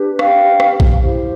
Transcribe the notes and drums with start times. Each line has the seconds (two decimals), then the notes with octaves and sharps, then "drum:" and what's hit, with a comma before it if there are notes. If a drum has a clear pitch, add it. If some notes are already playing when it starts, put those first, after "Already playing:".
Already playing: D4 G4 B4
0.19 F5 G5, drum: rim click
0.60 drum: rim click
0.80 drum: kick A#1
1.01 E4 G4 C5